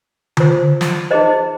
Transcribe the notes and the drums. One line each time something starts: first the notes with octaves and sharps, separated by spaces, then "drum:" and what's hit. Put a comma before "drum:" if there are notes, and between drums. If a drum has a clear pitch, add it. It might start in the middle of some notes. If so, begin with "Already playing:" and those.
F4 C5, drum: tom D3
drum: snare
D#4 G#4 C5 D#5